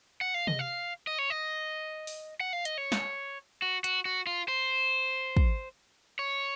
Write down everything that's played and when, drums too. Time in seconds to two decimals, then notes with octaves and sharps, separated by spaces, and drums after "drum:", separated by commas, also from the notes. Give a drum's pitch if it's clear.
0.21 F#5
0.34 F5
0.47 D#5, drum: tom C3
0.59 F5
1.07 D#5
1.19 C#5
1.30 D#5
2.07 drum: open hi-hat
2.40 F#5
2.53 F5
2.65 D#5, drum: hi-hat
2.78 C#5
2.92 drum: snare
3.62 F#4
3.84 F#4, drum: hi-hat
4.05 F#4
4.27 F4
4.48 C5
5.37 drum: kick
6.19 C#5